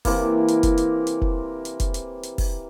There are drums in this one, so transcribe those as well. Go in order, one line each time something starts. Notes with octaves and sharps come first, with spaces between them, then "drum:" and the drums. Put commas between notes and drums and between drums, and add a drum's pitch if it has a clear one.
C3 E3 A#3, drum: kick, open hi-hat
drum: hi-hat
drum: kick, hi-hat
drum: hi-hat
drum: hi-hat
drum: kick
drum: hi-hat
drum: kick, hi-hat
drum: hi-hat
drum: hi-hat
drum: kick, open hi-hat